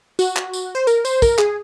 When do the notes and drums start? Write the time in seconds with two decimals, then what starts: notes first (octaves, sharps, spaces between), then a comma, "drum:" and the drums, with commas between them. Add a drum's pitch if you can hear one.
0.19 F#4, drum: tambourine
0.36 drum: clap
0.53 drum: tambourine
0.75 C5
0.87 A#4, drum: tambourine
1.05 C5, drum: tambourine
1.22 A#4, drum: kick, tambourine
1.39 G#4, drum: clap